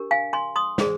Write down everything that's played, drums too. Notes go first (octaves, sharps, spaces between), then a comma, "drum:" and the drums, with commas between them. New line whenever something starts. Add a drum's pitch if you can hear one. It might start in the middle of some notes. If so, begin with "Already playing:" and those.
Already playing: D4 G4 A#4
F5 G#5
G#5 C6
C6 D#6
G#4 C5, drum: snare